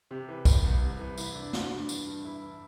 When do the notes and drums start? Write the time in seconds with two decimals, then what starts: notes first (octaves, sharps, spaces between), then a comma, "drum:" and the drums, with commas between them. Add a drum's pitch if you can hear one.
0.11 C3 G4
0.29 E3
0.45 C2, drum: kick, tambourine
0.64 C2
0.82 C3
0.99 E3
1.18 C2 E4, drum: tambourine
1.35 C2 D4
1.53 E3 D4, drum: snare
1.70 G2 D4
1.89 E3, drum: tambourine
2.06 G2
2.24 E3 E4
2.42 G2